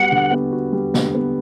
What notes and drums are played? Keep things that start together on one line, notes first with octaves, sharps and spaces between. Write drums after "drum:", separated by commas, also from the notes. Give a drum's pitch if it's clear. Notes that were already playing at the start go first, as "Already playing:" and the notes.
Already playing: G3 B3 F#4 F#5
D3
B3
F#4
G3
D3, drum: snare
B3